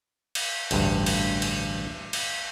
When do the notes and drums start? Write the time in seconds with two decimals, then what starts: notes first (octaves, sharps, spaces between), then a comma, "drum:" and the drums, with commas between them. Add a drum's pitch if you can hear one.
0.35 drum: cymbal
0.71 A1 D2 G2, drum: cymbal
1.06 drum: cymbal
1.42 drum: cymbal
2.13 drum: cymbal